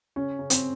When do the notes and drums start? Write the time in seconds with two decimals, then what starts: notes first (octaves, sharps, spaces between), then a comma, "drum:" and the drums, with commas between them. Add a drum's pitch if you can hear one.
0.16 C#3 C#4
0.39 C#3
0.50 C4, drum: hi-hat